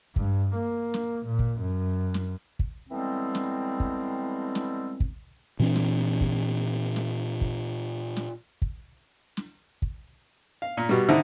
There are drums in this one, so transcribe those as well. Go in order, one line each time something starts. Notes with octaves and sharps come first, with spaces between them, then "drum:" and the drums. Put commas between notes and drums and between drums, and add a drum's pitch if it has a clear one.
G2, drum: kick
A#3
drum: snare
A#2
drum: kick
F#2
drum: snare
drum: kick
A2 E3 G3 G#3 B3 C4
drum: snare
drum: kick
drum: snare
drum: kick
A#2 E3 C4 D4
drum: snare
drum: kick
drum: snare
drum: kick
drum: snare
drum: kick
drum: snare
drum: kick
F5
A#2
B2 G3
D3 D#3 C4 D#4 E4